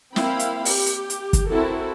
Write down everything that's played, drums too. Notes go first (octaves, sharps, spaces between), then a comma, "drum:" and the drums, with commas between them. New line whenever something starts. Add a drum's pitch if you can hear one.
A#3 C4 E4 F5 G5 B5, drum: snare
drum: hi-hat
G4, drum: open hi-hat
drum: hi-hat
drum: hi-hat
drum: kick, hi-hat
C4 E4 F#4 A4 A#4